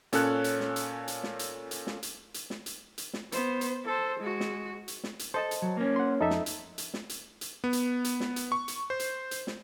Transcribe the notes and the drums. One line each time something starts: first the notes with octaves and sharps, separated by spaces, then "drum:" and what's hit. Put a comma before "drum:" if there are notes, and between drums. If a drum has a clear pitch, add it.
A#2 C#4 A4 C#5 F#6, drum: hi-hat
drum: hi-hat
drum: snare
drum: hi-hat
drum: hi-hat
drum: snare
drum: hi-hat
drum: hi-hat
drum: snare
drum: hi-hat
drum: hi-hat
drum: snare
drum: hi-hat
drum: hi-hat
drum: snare
B3 C5, drum: hi-hat
drum: hi-hat
A4 C5
G#3 F#4
drum: snare
drum: hi-hat
drum: snare
drum: hi-hat
A4 C5 D#5 A5
drum: hi-hat
F#3
A#3 C#4
F#5 C6
F2 D#4 A4 E5
drum: snare
drum: hi-hat
drum: hi-hat
drum: snare
drum: hi-hat
drum: hi-hat
B3
drum: hi-hat
drum: hi-hat
drum: snare
drum: hi-hat
C#6
drum: hi-hat
C5
drum: hi-hat
drum: hi-hat
drum: snare